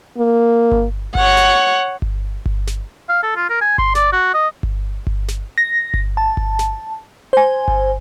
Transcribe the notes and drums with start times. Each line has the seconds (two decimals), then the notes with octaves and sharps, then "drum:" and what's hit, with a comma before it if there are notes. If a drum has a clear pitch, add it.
0.18 A#3
0.72 drum: kick G1
1.15 C#5 F#5, drum: kick G1
1.37 drum: snare
2.02 drum: kick G1
2.46 drum: kick G1
2.67 drum: snare
3.09 F5
3.23 A4
3.36 F4
3.49 A#4
3.61 G#5
3.78 C6, drum: kick G1
3.95 D5, drum: snare
4.12 F#4
4.34 D#5
4.63 drum: kick G1
5.07 drum: kick G1
5.28 drum: snare
5.58 A#6
5.94 drum: kick G1
6.17 A5
6.37 drum: kick G1
6.59 drum: snare
7.33 C5 G#5
7.68 drum: kick G1